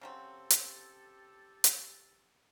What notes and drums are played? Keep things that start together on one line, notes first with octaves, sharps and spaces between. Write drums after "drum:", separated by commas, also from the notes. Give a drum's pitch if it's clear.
C#3 F#3 C4 G4 A4
drum: hi-hat
drum: hi-hat